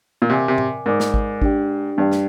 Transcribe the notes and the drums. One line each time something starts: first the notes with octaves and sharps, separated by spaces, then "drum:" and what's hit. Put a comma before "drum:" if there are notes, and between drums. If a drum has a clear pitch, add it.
A#2
C3 A#4 D5 G#5 D6
C3
drum: tom A2
G#2 A#4 D5 G#5 D6
drum: snare
drum: kick G#1
D4 G4 D5 G5, drum: kick G#1
G2 D4 G4 D5 G5
drum: snare